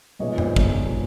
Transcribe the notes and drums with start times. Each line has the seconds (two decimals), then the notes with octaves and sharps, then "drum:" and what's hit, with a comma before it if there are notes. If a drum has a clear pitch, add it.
0.19 B1 A#2 F3 G#3 B3 C#5 D#5
0.38 C5 D5, drum: tom F#2
0.56 B1 A#2 F3 G#3 B3, drum: kick